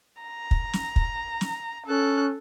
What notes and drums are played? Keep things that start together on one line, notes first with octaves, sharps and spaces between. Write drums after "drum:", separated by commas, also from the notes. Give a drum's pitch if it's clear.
A#5
drum: kick
drum: snare
drum: kick
drum: snare
C#4 A4 F#6